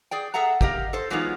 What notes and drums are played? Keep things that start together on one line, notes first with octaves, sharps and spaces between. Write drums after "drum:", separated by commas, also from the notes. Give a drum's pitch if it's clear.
G#4 D5 G5
G#4 A4 E5 F#5 A#5
G4 A#4 D#5 F5, drum: kick
A4 C5
E3 F#3 G#3 B3 D#4 F4